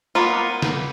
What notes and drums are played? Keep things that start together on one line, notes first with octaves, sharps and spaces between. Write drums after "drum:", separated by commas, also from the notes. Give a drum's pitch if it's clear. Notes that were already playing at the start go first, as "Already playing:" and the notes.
A#3 B3 F4
drum: snare